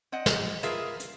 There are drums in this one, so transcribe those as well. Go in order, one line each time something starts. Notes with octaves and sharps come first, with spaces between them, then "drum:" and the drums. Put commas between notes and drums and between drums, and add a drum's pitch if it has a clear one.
C4 D#5 F#5
drum: snare
F4 G#4 A#4 B4 E5 F5, drum: hi-hat
drum: hi-hat